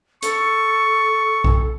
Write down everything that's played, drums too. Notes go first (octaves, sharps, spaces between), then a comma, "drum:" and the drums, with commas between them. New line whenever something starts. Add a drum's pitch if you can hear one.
A4 C#6, drum: hi-hat
drum: kick B1